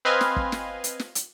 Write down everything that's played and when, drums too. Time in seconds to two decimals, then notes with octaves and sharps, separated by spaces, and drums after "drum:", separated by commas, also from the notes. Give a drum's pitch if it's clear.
0.05 C4 B4 D#5 F5 G#5 C6
0.21 drum: snare
0.36 drum: kick
0.52 drum: snare
0.84 drum: hi-hat
0.99 drum: snare
1.15 drum: hi-hat